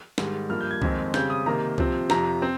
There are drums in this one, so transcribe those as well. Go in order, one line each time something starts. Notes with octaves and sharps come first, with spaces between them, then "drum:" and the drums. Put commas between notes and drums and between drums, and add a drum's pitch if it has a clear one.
G#2 D#3 G3, drum: snare
G2 F3 A#3 F6
G6
G#6
F2 D#3 G#3 C4, drum: kick
C#3 G3 C4 G6, drum: snare
D#6
C3 D#3 A#3 A#5
C3 F3 C4, drum: kick
F2 C3 F3 A#5, drum: snare
C4